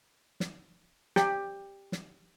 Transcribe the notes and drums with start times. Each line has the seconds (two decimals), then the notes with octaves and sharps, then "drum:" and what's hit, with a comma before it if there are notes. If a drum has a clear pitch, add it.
0.40 drum: snare
1.16 G4, drum: snare
1.92 drum: snare